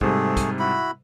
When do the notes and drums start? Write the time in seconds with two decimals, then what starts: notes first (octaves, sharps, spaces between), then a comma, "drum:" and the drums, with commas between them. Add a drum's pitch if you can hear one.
0.01 G#2 C3 G3 A3 G#4, drum: kick
0.37 drum: kick, hi-hat
0.59 E4 F#4 B5